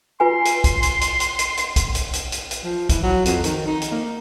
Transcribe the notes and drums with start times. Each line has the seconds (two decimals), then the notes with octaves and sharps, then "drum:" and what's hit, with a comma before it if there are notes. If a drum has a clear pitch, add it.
0.20 F4 B4 G#5 C6
0.45 drum: hi-hat
0.64 drum: kick B1, hi-hat
0.83 drum: hi-hat
1.01 drum: hi-hat
1.20 drum: hi-hat
1.39 drum: hi-hat
1.57 drum: hi-hat
1.76 drum: kick B1, hi-hat
1.95 drum: hi-hat
2.13 drum: hi-hat
2.32 drum: hi-hat
2.51 drum: hi-hat
2.64 F3
2.89 E3, drum: kick B1, hi-hat
3.03 F#3
3.26 F2, drum: hi-hat
3.44 D#3, drum: hi-hat
3.66 D#4
3.82 drum: hi-hat
3.91 A#3